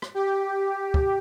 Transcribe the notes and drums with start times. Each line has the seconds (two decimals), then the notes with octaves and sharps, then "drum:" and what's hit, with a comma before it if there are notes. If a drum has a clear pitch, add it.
0.02 drum: rim click
0.15 G4
0.94 drum: kick